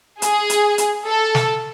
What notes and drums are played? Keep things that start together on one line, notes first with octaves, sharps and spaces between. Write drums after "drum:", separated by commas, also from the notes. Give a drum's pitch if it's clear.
G#4, drum: hi-hat
drum: hi-hat
drum: hi-hat
A4
drum: snare